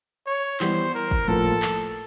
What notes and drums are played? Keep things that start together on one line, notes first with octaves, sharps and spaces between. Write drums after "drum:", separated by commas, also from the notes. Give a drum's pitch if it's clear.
C#5
E3 G3 B3 C5, drum: clap
A#4
drum: kick
A2 F3 A#3 A4
drum: clap